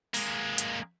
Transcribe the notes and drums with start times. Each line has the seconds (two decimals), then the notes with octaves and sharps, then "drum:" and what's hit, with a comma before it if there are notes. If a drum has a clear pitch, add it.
0.14 G#3 A#3, drum: open hi-hat
0.58 drum: hi-hat